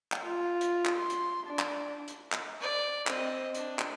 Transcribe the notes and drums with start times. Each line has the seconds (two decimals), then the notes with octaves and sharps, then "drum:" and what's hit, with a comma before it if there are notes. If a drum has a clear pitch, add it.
0.12 drum: clap
0.23 F4
0.61 drum: hi-hat
0.85 drum: clap
1.00 C6
1.10 drum: hi-hat
1.47 D4
1.59 drum: clap
2.08 drum: hi-hat
2.32 drum: clap
2.61 D5
3.07 C4 D#5, drum: clap
3.55 D4, drum: hi-hat
3.79 drum: clap